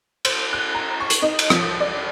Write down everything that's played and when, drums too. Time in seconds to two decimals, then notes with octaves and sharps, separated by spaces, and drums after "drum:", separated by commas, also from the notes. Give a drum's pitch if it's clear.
0.25 C5, drum: cymbal
0.53 F#6
0.75 A#5
1.00 C#6
1.10 drum: hi-hat
1.22 D#4
1.39 drum: cymbal
1.50 F3, drum: rim click
1.80 D5